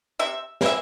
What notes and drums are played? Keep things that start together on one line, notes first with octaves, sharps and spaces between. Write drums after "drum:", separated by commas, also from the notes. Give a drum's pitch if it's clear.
C3 E5
E3 A#3 E5, drum: snare